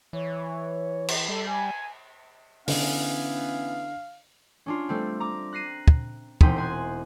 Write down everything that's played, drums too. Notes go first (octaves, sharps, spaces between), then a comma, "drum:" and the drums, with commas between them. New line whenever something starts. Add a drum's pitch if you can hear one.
E3 C#5
drum: cymbal
G3 A4
G#5
D3 E3 B3 C#4 F5, drum: open hi-hat
C#4 D4 F4
G3 A3 C4
A#5 D6
F#6 A#6 C7 D#7
drum: kick
E1 C4 D#4 G5 D#6 B6, drum: kick
C5 G#5 F#6